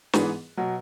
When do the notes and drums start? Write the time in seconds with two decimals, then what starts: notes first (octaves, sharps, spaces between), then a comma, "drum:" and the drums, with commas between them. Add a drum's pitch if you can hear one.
0.13 G#2 E3 B3 G#4 B4, drum: snare
0.57 B2 F#3